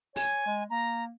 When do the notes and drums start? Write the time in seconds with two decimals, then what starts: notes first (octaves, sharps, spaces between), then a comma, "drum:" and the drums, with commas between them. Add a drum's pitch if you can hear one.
0.16 C#5 G#5, drum: open hi-hat
0.46 G#3
0.70 A#3 A#5